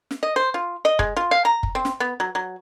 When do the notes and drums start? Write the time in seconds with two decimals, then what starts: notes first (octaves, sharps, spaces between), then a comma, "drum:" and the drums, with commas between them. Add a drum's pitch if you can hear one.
0.11 drum: snare
0.23 D#5
0.36 C5
0.54 F4
0.85 D#5
0.99 G#3, drum: kick
1.16 F4
1.31 F5
1.45 A#5
1.63 drum: kick
1.75 C4
1.85 drum: snare
2.00 B3
2.20 F#3
2.35 F#3